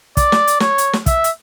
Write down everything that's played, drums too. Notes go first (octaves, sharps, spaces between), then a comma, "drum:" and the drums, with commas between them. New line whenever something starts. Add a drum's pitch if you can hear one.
D5, drum: kick, hi-hat
drum: snare
drum: hi-hat
C#5, drum: snare
drum: hi-hat
drum: snare
E5, drum: kick, hi-hat
drum: hi-hat